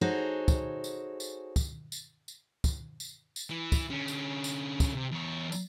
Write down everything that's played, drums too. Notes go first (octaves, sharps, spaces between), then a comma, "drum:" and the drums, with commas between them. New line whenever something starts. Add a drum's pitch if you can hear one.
D#4 F#4 G#4 A4 C5 C#5
drum: kick, tambourine
drum: tambourine
drum: tambourine
drum: kick, tambourine
drum: tambourine
drum: tambourine
drum: kick, tambourine
drum: tambourine
drum: tambourine
E3
drum: kick, tambourine
D3 C#4
drum: tambourine
drum: tambourine
drum: kick, tambourine
C3
E2 C#5
drum: tambourine